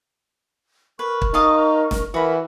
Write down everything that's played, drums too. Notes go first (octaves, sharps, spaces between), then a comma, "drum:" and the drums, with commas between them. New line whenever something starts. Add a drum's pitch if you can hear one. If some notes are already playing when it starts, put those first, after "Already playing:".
A#4 B4 C#6
drum: kick
D#4 D#5 F5 A5
drum: snare
E3 F#4 A#4 B5